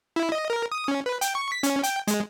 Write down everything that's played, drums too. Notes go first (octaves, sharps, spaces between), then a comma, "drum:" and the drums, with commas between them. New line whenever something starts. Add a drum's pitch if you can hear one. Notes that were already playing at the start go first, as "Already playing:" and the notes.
E4
D#5
A#4
D#6
C#4
B4
G5, drum: hi-hat
C#6
B6
C#4, drum: hi-hat
G5, drum: hi-hat
G#3, drum: hi-hat